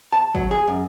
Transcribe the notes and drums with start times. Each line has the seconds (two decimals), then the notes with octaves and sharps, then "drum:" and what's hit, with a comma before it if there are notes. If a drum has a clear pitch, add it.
0.12 A5
0.35 F#3, drum: kick
0.51 G#4
0.67 F#2